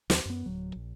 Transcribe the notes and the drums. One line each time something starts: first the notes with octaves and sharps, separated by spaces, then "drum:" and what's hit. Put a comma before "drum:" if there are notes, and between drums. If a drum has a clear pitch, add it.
D#2, drum: snare
F#2 B3
D1 F#3
A#1